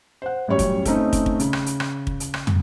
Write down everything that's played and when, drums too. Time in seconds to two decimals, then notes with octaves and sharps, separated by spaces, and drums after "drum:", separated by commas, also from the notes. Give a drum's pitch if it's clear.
0.22 C5 F#5
0.48 A1 F#2 G3 C#5 C#6
0.59 drum: kick, hi-hat
0.85 A3 C4 C#4 D#4 D#5, drum: kick, hi-hat
1.13 drum: kick, hi-hat
1.26 drum: kick
1.40 C#3, drum: hi-hat
1.53 drum: rim click
1.66 drum: hi-hat
1.80 drum: rim click
2.07 drum: kick
2.20 drum: hi-hat
2.34 drum: rim click
2.47 drum: tom